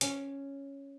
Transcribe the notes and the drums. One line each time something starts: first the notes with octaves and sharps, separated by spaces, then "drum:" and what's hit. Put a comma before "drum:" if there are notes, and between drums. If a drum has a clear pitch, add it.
C#4, drum: hi-hat